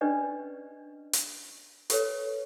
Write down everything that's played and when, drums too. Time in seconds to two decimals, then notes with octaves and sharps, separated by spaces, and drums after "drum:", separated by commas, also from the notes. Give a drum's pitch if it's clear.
0.01 C#4 D4 G4 B4 D5 D#5
1.13 drum: hi-hat
1.90 G4 A4 B4 C#5, drum: hi-hat